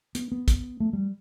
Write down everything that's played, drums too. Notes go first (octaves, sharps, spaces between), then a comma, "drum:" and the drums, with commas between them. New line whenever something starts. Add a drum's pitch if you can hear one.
B3, drum: hi-hat
B3
drum: kick, hi-hat
A3
G3